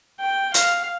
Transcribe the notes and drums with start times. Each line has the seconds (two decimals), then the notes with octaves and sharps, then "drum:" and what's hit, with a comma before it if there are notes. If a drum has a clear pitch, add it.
0.20 G5
0.54 F5, drum: hi-hat